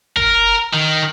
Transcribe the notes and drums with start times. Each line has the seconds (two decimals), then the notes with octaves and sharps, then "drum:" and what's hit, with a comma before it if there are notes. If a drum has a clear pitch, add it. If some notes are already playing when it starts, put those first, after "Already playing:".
0.17 A#4, drum: kick
0.74 D#3